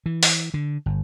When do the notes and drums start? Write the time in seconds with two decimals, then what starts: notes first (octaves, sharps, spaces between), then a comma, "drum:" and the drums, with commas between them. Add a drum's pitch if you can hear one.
0.06 E3
0.23 drum: open hi-hat
0.54 D3
0.86 G1